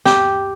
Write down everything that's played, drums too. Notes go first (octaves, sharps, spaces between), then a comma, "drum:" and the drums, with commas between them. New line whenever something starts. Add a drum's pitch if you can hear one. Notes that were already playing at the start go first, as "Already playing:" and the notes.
G4, drum: snare